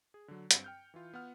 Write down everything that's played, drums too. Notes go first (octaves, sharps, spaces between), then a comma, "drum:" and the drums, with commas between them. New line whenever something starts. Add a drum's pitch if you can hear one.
G#4
D3 F#3
G2 C4 C#7, drum: hi-hat
G5 F6 G6
E3 E4 F4
B3 F4 F#5 F6